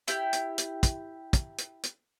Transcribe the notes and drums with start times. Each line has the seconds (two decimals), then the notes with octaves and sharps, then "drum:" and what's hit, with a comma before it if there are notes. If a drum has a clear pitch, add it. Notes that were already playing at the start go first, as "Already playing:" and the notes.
0.08 E4 G4, drum: hi-hat
0.33 drum: hi-hat
0.58 drum: hi-hat
0.83 drum: kick, hi-hat
1.33 drum: kick, hi-hat
1.58 drum: hi-hat
1.83 drum: hi-hat